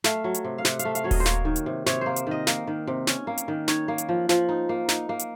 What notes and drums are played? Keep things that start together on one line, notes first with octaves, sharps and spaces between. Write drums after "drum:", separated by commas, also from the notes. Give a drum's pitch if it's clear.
A3 F5, drum: snare
F#3
drum: hi-hat
C3
F5
C3 F#5, drum: snare
F5, drum: hi-hat
A3
F5, drum: hi-hat
F#3 C#5
D#5, drum: kick D#1, open hi-hat
C5
A#3 C#5, drum: snare
D#3
drum: hi-hat
C3
C3 C#5, drum: snare
A#3 C5
drum: hi-hat
D#3 D#5
A#3, drum: snare
D#3
C3
C#4, drum: snare
A#3
drum: hi-hat
D#3
D#4 C#5, drum: snare
A#3
drum: hi-hat
F3
F3, drum: snare
D#4
A#3
D#4, drum: snare
A#3
drum: hi-hat